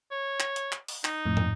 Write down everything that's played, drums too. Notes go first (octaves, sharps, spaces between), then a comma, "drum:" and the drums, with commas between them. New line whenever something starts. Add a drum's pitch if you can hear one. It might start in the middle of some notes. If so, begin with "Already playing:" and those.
C#5
drum: clap
drum: hi-hat
drum: clap
drum: open hi-hat
D#4, drum: clap
F2 A2
drum: tom